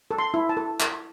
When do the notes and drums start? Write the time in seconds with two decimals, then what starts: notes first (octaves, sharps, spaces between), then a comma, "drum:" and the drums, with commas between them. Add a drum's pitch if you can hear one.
0.11 A4
0.18 C6
0.34 E4
0.49 A5
0.57 A4
0.80 drum: clap